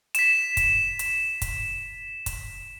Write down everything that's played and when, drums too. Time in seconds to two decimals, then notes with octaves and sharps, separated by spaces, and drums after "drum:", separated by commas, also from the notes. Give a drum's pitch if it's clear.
0.15 B6 E7, drum: hi-hat
0.57 drum: kick, hi-hat
0.99 drum: hi-hat
1.42 drum: kick, hi-hat
2.26 drum: kick, hi-hat